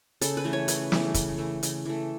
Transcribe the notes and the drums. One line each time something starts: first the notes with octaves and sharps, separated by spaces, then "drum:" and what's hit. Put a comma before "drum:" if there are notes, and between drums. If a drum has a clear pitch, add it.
C#3 A4, drum: hi-hat
B4
E3 A3
C#5
C#3 B4, drum: hi-hat
E3 A3, drum: snare
C#3, drum: kick, hi-hat
E3 A3
C#3, drum: hi-hat
E3 A3